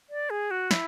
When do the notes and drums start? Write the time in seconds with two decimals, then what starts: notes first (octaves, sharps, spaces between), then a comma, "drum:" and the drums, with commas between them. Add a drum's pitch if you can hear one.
0.10 D5
0.30 G#4
0.51 F#4
0.71 E4, drum: snare